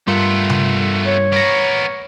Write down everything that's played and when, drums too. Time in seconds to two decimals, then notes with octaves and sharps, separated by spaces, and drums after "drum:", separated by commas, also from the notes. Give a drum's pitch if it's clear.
0.08 G2 A3 B3 F4 A#4 C6
0.50 drum: tom C3
1.06 C#5
1.32 B3 A#4 C#6 A#6